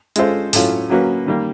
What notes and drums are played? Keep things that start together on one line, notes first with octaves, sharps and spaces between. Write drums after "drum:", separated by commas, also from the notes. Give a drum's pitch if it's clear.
G#3 C#4 F4 A4 C5, drum: hi-hat
A2 F#3 A3 C#4 F4, drum: open hi-hat
F#3 A#3 C#4 F#4 B4
D#3 G3 A#3